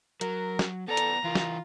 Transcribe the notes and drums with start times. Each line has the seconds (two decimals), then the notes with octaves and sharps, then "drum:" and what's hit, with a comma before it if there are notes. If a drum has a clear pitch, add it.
0.21 F#3 A#4, drum: hi-hat
0.59 drum: snare
0.88 B3 A4 D5 A#5
0.97 drum: hi-hat
1.24 E3 F4 A#4
1.35 drum: snare